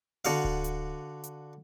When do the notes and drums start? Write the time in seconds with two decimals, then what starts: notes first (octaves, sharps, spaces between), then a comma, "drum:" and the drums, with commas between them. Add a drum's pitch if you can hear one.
0.25 D3 F#4 F5, drum: hi-hat
0.44 drum: kick D1
0.64 drum: hi-hat
1.24 drum: hi-hat